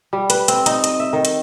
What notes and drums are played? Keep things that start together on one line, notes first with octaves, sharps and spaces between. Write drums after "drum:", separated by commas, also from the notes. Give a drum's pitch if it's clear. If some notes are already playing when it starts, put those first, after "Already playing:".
G3
B4, drum: hi-hat
C4, drum: hi-hat
D#4, drum: hi-hat
D#5, drum: hi-hat
E5
D#3
drum: hi-hat